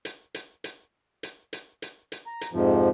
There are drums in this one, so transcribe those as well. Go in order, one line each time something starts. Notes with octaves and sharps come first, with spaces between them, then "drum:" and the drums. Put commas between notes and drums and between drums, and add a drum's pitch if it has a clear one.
drum: hi-hat
drum: hi-hat
drum: hi-hat
drum: hi-hat
drum: hi-hat
drum: hi-hat
drum: hi-hat
A#5
drum: hi-hat
F2 G#2 C3 F3